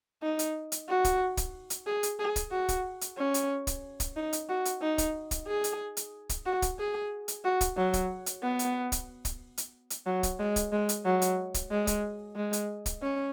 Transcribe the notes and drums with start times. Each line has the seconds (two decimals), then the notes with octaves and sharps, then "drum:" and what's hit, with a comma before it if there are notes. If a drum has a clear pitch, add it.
0.23 D#4
0.39 drum: hi-hat
0.72 drum: hi-hat
0.89 F#4
1.05 drum: kick, hi-hat
1.37 drum: kick, hi-hat
1.70 drum: hi-hat
1.87 G#4
2.03 drum: hi-hat
2.19 G#4
2.36 drum: kick, hi-hat
2.52 F#4
2.69 drum: kick, hi-hat
3.01 drum: hi-hat
3.18 C#4
3.34 drum: hi-hat
3.67 drum: kick, hi-hat
4.00 drum: kick, hi-hat
4.17 D#4
4.33 drum: hi-hat
4.49 F#4
4.65 drum: hi-hat
4.81 D#4
4.98 drum: kick, hi-hat
5.31 drum: kick, hi-hat
5.48 G#4
5.64 drum: hi-hat
5.97 drum: hi-hat
6.29 drum: kick, hi-hat
6.46 F#4
6.62 drum: kick, hi-hat
6.79 G#4
7.28 drum: hi-hat
7.44 F#4
7.61 drum: kick, hi-hat
7.77 F#3
7.93 drum: kick, hi-hat
8.26 drum: hi-hat
8.43 B3
8.59 drum: hi-hat
8.92 drum: kick, hi-hat
9.25 drum: kick, hi-hat
9.58 drum: hi-hat
9.90 drum: hi-hat
10.06 F#3
10.23 drum: kick, hi-hat
10.40 G#3
10.56 drum: kick, hi-hat
10.72 G#3
10.89 drum: hi-hat
11.05 F#3
11.22 drum: hi-hat
11.54 drum: kick, hi-hat
11.71 G#3
11.87 drum: kick, hi-hat
12.36 G#3
12.53 drum: hi-hat
12.86 drum: kick, hi-hat
13.02 C#4